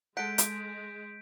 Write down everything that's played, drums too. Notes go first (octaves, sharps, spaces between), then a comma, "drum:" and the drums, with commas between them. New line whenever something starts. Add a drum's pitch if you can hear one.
G#3 A4 F#5 G6 B6 D7
drum: hi-hat